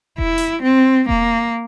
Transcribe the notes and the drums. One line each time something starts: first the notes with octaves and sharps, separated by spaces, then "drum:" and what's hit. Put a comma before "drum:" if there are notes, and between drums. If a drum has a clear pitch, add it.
E4, drum: kick E1
drum: hi-hat
C4
A#3, drum: kick E1